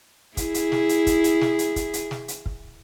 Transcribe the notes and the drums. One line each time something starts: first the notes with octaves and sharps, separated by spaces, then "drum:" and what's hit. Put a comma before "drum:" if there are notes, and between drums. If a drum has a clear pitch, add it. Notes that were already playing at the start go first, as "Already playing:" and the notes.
E4 G#4, drum: kick, hi-hat
drum: hi-hat
drum: snare
drum: hi-hat
drum: kick, hi-hat
drum: hi-hat
drum: snare
drum: hi-hat
drum: kick, hi-hat
drum: hi-hat
drum: snare
drum: hi-hat
drum: kick